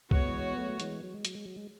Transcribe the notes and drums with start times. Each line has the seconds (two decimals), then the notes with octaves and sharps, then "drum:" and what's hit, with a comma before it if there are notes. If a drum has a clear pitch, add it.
0.11 G#3 B3 F#4 C#5, drum: kick C2
0.19 A3
0.26 E3 G#3
0.57 F#3 A3
0.80 E3 G#3, drum: hi-hat
1.03 F#3
1.14 G#3
1.25 F#3, drum: hi-hat
1.35 G#3
1.46 F#3
1.56 G#3